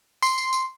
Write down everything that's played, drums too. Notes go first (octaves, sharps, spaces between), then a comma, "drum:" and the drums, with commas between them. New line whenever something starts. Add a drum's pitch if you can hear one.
C6, drum: tambourine
drum: tambourine
drum: tambourine